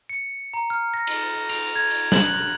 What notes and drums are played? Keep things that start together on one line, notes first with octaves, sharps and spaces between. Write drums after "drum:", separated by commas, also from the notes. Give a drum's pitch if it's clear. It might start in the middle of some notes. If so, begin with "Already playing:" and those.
C#7
A#5
F6
A#6
drum: cymbal
A#6
F7, drum: cymbal
G#6
drum: cymbal
F#7, drum: snare
F#6